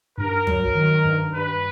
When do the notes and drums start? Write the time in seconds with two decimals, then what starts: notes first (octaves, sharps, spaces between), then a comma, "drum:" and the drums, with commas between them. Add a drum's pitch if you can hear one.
0.18 G2 A#4
0.47 F#3, drum: tom
0.75 D#3
1.04 G2
1.34 G2 B4